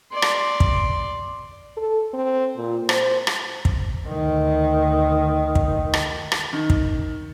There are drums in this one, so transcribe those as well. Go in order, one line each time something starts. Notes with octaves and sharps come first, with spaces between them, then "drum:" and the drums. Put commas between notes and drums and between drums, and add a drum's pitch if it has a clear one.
D5 C6
drum: rim click
drum: kick
A4
C4
A#2
C5, drum: rim click
drum: rim click
drum: kick
D2 D#3
drum: kick
drum: rim click
drum: rim click
D#3
drum: kick